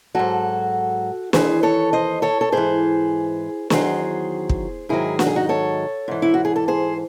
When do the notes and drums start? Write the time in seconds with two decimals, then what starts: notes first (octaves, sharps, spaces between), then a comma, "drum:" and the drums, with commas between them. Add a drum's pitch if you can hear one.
0.15 G#2 F#3 F#4 A4
1.33 D#2 C#3 E3 G#4 C5, drum: snare
1.63 A4 C#5
1.93 C5 D#5
2.22 A4 C#5
2.41 A4
2.52 G#2 E3 G#4 C5
3.70 E2 D#3 F#3 G#4 C5, drum: snare
4.49 drum: kick
4.89 G#2 D#3 F#3 E4 G#4
5.19 F#4, drum: snare
5.27 G#4
5.36 D#4 F#4
5.49 A4 C#5
6.08 G#2 E3
6.22 E4
6.34 F#4
6.45 G#4
6.56 A4
6.68 G#4 C5